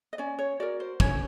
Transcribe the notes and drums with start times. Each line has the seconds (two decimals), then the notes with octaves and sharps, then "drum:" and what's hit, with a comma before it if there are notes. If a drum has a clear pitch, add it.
0.13 D#5
0.18 C#4 D5
0.39 C#5
0.60 F#4 A#4 D5
0.80 C5
1.00 C#4 C#5, drum: kick